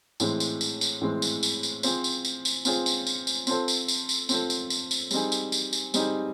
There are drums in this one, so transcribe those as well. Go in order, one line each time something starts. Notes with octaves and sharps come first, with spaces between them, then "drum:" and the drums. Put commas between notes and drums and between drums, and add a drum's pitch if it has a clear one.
A2 E3 G#3 C4, drum: tambourine
drum: tambourine
drum: tambourine
drum: tambourine
A2 E3 G#3 C4
drum: tambourine
drum: tambourine
drum: tambourine
C4 F4 G#4 C5, drum: tambourine
drum: tambourine
drum: tambourine
drum: tambourine
C4 F4 G#4 C5, drum: tambourine
drum: tambourine
drum: tambourine
drum: tambourine
C4 F4 A4 C5, drum: tambourine
drum: tambourine
drum: tambourine
drum: tambourine
C4 F4 A4 C5, drum: tambourine
drum: tambourine
drum: tambourine
drum: tambourine
G3 C4 D#4 G#4, drum: tambourine
drum: tambourine
drum: tambourine
drum: tambourine
G3 C4 D#4 G#4, drum: tambourine